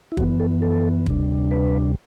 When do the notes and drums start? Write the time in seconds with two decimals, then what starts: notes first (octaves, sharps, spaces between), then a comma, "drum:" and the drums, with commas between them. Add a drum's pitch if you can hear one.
0.12 E4
0.17 F#2 E3 B3 F#4, drum: kick
0.40 A4
0.62 A4
1.06 D2 C3 G3 D4, drum: kick
1.51 B4